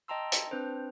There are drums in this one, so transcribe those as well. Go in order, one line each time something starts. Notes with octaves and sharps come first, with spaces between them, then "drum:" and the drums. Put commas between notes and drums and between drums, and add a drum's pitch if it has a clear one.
D#5 G5 A5 A#5 C6 E6
drum: hi-hat
C4 D4 B4 C5